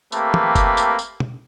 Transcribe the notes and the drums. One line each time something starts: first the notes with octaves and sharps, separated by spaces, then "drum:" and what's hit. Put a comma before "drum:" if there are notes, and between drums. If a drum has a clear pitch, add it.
A3 A#3 C4 G4 B4, drum: tambourine
drum: tom
drum: kick F#1, tambourine
drum: tambourine
drum: tambourine
drum: tom